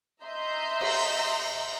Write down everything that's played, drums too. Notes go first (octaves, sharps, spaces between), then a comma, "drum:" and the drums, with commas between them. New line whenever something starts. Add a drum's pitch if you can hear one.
D#5 E5 A#5 C6 G6
drum: cymbal